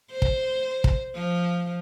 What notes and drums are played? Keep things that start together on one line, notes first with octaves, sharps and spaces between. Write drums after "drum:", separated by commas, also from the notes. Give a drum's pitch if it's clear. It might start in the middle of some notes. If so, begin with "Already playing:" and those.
C5
drum: kick
drum: kick
F3